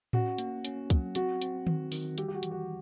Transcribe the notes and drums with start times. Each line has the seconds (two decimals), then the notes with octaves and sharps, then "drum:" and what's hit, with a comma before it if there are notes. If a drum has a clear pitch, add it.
0.13 C#4 F#4, drum: tom A2
0.38 A#3, drum: hi-hat
0.65 C#4, drum: hi-hat
0.90 F#3, drum: kick C2, hi-hat
1.15 C4 F#4, drum: hi-hat
1.42 C4, drum: hi-hat
1.67 D#3, drum: tom D#3
1.92 D#3, drum: open hi-hat
2.18 G3 G4, drum: hi-hat
2.28 G4
2.35 F#4
2.43 E3, drum: hi-hat
2.51 F#4